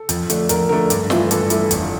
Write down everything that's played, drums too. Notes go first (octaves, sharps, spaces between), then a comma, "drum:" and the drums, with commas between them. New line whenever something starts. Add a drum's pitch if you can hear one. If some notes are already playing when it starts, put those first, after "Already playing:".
Already playing: A4
F2, drum: hi-hat
D3 A3 D4, drum: hi-hat
F2 A#4, drum: hi-hat
D3 A3 D4 A#4
G2, drum: hi-hat
E3 A3 E4 F4, drum: snare
G2 A4, drum: hi-hat
E3 A3 E4, drum: hi-hat
F1, drum: hi-hat